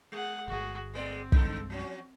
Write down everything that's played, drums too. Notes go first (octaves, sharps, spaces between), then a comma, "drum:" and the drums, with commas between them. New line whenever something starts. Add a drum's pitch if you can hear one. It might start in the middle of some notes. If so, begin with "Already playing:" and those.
G#3 G#4 F#5
D1 G1 F#4 G#4
G#3 A3 C4 D5
C2 G2 D3 G#3 A4, drum: kick
F3 F#3 C#4